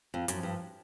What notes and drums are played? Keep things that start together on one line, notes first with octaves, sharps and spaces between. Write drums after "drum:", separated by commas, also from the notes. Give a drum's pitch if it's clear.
F2
F#2 F3, drum: hi-hat
G2